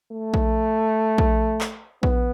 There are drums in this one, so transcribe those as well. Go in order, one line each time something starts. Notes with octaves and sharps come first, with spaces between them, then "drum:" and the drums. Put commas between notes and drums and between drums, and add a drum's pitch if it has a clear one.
A3
drum: kick A#1
drum: kick A#1
drum: clap
B3, drum: kick A#1